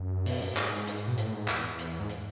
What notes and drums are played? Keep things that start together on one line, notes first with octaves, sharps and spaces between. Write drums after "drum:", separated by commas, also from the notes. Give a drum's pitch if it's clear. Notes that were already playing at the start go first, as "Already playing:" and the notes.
Already playing: F#2
B2, drum: open hi-hat
F#2
A2
G#2, drum: clap
drum: hi-hat
B2
A2, drum: hi-hat
G#2
E2, drum: clap
drum: hi-hat
G#2
drum: hi-hat